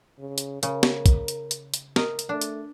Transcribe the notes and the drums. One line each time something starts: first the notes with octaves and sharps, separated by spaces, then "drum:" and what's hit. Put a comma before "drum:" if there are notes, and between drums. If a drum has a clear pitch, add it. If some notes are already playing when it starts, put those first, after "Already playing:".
C#3
drum: hi-hat
C#3 A#4, drum: hi-hat
drum: snare
drum: kick, hi-hat
drum: hi-hat
drum: hi-hat
drum: hi-hat
A#4 D#5, drum: snare
drum: hi-hat
A3 D4
drum: hi-hat